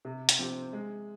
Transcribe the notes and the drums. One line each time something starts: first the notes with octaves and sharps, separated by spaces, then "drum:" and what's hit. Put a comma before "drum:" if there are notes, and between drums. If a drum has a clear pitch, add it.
C3
drum: hi-hat
F3 C4 G4
G#3